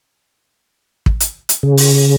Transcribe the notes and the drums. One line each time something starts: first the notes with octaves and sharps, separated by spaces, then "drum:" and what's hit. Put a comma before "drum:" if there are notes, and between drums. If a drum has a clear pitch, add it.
drum: kick
drum: hi-hat
drum: hi-hat
C#3
drum: open hi-hat